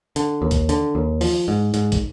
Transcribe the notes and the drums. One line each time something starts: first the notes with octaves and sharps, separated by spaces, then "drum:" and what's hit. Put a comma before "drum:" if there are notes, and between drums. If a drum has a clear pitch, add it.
D3, drum: hi-hat
D#2
drum: kick, hi-hat
D3, drum: hi-hat
D#2
F3, drum: open hi-hat
G#2
G#2, drum: hi-hat
drum: kick, hi-hat